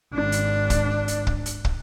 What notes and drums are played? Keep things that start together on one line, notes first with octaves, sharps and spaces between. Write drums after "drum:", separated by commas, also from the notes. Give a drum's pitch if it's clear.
G#1 D4
drum: hi-hat
drum: kick, hi-hat
drum: hi-hat
drum: kick
drum: hi-hat
drum: kick